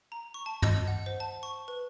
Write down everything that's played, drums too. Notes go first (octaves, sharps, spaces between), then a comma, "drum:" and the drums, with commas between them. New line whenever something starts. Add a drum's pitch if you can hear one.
A#5
C#6
A5
D#5, drum: tom
F#5
C5
A5
C#6
B4